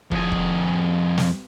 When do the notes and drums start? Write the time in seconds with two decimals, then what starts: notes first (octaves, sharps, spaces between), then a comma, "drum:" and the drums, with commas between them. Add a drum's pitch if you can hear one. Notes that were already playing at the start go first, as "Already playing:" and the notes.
0.11 F2 G#4, drum: kick
0.32 drum: kick
1.18 drum: snare